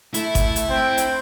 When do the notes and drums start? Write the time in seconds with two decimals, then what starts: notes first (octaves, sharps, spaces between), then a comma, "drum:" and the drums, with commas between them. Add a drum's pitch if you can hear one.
0.14 A3 E4, drum: hi-hat
0.35 drum: kick G#1, hi-hat
0.56 drum: hi-hat
0.70 C4 G5
0.97 drum: hi-hat